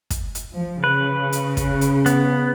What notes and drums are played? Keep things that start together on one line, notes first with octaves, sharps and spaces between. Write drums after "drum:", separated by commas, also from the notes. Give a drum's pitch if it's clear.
drum: kick, hi-hat
drum: hi-hat
F3
C#3 B4
drum: hi-hat
drum: kick, hi-hat
drum: hi-hat
B3, drum: hi-hat